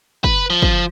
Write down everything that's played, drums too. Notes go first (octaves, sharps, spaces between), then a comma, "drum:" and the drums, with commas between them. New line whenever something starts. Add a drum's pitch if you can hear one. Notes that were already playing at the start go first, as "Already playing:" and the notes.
B4, drum: kick
F3
drum: kick